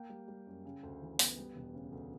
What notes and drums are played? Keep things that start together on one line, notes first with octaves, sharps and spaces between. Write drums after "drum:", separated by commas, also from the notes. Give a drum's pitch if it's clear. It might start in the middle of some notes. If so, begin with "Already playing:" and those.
Already playing: A#3 G5
G3
G3
F#2
C#3
D2
E3
B3, drum: open hi-hat
G3
E1
C#3
D2